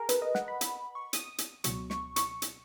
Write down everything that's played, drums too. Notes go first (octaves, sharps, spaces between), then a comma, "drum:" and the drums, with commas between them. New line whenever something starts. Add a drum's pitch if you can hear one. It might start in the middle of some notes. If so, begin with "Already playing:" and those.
Already playing: G#4 A#4
B4, drum: hi-hat
D#5
F#5, drum: snare
B5
B5, drum: hi-hat
C#6
D#6, drum: hi-hat
drum: hi-hat
C#2 B2 F#3 C#6, drum: hi-hat
C#6, drum: snare
C#6, drum: hi-hat
drum: hi-hat